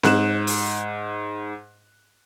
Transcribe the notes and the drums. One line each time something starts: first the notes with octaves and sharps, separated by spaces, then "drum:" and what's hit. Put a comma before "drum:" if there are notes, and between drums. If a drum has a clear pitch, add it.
G#2 F#6 E7, drum: snare C4
drum: open hi-hat